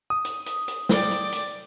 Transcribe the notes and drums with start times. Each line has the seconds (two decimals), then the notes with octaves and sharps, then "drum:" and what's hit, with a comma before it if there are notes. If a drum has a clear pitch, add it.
0.10 D#6
0.25 drum: hi-hat
0.46 drum: hi-hat
0.68 drum: hi-hat
0.89 D5 G5, drum: snare
1.11 drum: hi-hat
1.32 drum: hi-hat